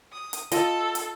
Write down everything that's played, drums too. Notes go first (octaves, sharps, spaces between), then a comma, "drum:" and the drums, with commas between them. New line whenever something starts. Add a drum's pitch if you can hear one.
D#6
drum: hi-hat
F4 A4 D#5, drum: hi-hat
drum: hi-hat